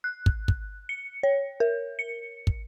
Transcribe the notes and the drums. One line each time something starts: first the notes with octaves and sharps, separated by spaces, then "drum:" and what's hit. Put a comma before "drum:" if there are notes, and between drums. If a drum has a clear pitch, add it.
F#6
drum: kick
drum: kick
C#7
C#5
A#4
C#7
drum: kick